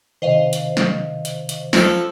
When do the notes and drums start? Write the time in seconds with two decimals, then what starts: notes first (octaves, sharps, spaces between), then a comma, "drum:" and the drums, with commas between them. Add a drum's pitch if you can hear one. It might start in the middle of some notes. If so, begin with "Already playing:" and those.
0.22 C3 D#3 C5 D#5 F5
0.53 drum: hi-hat
0.77 drum: snare
1.25 drum: hi-hat
1.49 drum: hi-hat
1.73 F3 A4, drum: snare